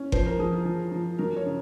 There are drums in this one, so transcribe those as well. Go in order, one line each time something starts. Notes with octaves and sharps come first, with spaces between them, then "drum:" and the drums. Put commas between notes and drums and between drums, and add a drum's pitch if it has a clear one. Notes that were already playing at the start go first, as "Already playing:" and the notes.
Already playing: C#4
F3 C5, drum: kick G1
A#4
F3 G#4
G#4
F3
F3
F#3 A#4
C#5
C#3